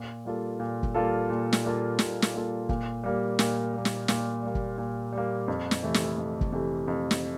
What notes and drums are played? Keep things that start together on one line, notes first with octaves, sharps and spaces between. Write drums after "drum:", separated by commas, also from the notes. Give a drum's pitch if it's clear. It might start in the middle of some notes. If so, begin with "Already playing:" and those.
Already playing: A#2
G3 A#3 F4 A4
A#2
drum: kick
G3 A#3 F4 A4
A#2
drum: snare
G3 A#3 F4 A4
A#2, drum: snare
drum: snare
G3 A#3 F4 A4
A#2, drum: kick
G3 A#3
A#2, drum: snare
G3 A#3
drum: snare
A#2, drum: snare
G3 A#3
drum: kick
A#2
G3
A#3
F2
drum: snare
C3 E3 A3
drum: snare
F2
drum: kick
C3 E3 A3
F2
drum: snare